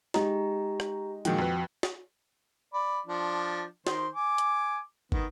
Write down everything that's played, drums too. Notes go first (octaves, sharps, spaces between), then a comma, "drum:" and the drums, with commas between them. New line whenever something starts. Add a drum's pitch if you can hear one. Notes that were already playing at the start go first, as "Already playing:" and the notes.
G#3 D#4 G4 A#5, drum: snare
drum: rim click
A#2 D#3 F3 G#3 F#4 G5, drum: hi-hat
F2 B4
drum: snare
D5 B5
F3 D4
D#3 C5, drum: snare
G#5 D6
drum: hi-hat
D#3 B3, drum: kick